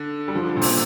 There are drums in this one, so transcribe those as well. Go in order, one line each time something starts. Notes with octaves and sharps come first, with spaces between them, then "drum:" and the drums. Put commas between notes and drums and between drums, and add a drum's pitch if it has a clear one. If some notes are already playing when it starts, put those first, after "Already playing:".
Already playing: D3
G3
F3
D3
A#2
C3, drum: open hi-hat